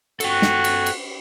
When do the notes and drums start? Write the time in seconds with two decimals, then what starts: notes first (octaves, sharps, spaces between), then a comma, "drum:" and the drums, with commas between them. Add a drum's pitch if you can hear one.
0.20 F#4 A4 G5, drum: cymbal
0.42 drum: snare
0.64 drum: cymbal
0.86 drum: cymbal